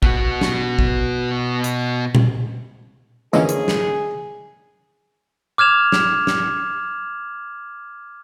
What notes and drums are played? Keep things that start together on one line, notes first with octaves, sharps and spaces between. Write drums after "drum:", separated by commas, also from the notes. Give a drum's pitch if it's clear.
B2 F#4, drum: kick
drum: snare
drum: kick
drum: hi-hat
drum: tom A#2
D3 E3 F3 G#3 A#3 C#4 G#4, drum: tambourine
drum: hi-hat
drum: snare
D6 F6 G#6 E7 F7
drum: snare
drum: snare